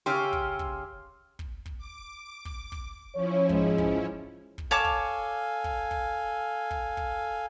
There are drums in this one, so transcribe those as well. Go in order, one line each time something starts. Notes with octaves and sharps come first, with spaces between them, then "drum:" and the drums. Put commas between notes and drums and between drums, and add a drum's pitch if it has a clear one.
C#3 C#4 G4 C6 E6 F6
drum: kick
drum: kick
drum: kick
drum: kick
D6
drum: kick
drum: kick
F3 C#4 E4 C#5
G#2 G#3, drum: kick
drum: kick
drum: kick
A4 C#5 F5 G#5 A5 D6
drum: kick
drum: kick
drum: kick
drum: kick
drum: kick